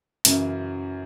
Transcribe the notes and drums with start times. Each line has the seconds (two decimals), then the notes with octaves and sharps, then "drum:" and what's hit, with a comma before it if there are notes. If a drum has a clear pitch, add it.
0.25 F#2 C#3 E3, drum: hi-hat